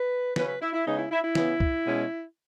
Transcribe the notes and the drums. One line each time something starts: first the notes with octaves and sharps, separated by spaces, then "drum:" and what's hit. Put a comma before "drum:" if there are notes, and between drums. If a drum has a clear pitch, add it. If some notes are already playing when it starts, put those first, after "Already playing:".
Already playing: B4
C#3 F#3 C#4 B4, drum: snare
B4
E4
E4
C#3 G#3 B3 D#4
E4
E4
E4
C#3 E3 B3, drum: snare
drum: kick C2
B2 G#3 C#4